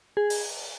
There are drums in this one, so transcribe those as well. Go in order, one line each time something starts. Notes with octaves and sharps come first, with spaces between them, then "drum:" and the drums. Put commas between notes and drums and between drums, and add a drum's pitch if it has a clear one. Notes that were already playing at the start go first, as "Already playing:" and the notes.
G#4
drum: open hi-hat